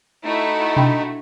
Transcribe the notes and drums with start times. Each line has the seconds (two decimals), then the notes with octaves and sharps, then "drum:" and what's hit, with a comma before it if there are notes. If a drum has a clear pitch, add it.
0.24 A3 D#4 E4 F#4
0.76 D4 G5 B5, drum: tom B2